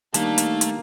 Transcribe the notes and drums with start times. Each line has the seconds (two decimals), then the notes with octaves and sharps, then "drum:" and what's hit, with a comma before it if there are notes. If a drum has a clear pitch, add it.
0.14 D#3 G3 A3 A#3 D4 D#4 A5, drum: hi-hat
0.38 drum: hi-hat
0.61 drum: hi-hat